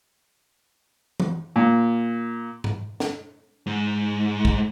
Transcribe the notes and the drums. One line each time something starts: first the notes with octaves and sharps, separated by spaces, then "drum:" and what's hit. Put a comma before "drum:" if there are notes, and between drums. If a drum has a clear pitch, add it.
drum: tom E3
A#2
drum: tom G#2
drum: snare
G#2
drum: kick